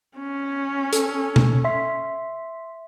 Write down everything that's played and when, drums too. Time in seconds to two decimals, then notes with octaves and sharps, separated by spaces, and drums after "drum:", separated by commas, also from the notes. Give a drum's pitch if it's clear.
0.17 C#4
0.93 A4, drum: hi-hat
1.36 drum: tom B2
1.65 E5 C6 B6